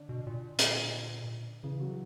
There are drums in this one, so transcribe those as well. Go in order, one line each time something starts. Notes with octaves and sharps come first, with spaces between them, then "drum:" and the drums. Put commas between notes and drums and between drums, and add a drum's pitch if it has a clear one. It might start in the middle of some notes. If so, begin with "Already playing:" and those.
Already playing: D3 D4
B2
A#2
drum: hi-hat
C#3 E3 E4
F#3 F#4